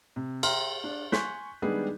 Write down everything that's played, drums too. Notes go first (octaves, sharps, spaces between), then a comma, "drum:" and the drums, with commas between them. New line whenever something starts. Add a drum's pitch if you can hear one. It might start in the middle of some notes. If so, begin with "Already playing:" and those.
C3
E5 G5 A#5 C6 F6, drum: cymbal
D4
G#5 C6 C#6 F#6 G6 B6, drum: snare
D#3 G3 G#3 B3 D4 G#4